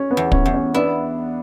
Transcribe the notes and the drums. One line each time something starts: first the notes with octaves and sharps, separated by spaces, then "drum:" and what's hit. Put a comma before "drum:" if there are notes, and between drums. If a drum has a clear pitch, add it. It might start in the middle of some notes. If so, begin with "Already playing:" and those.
Already playing: C#4
B3
E2
C#4, drum: kick
E2
C#4
B3 D4 E4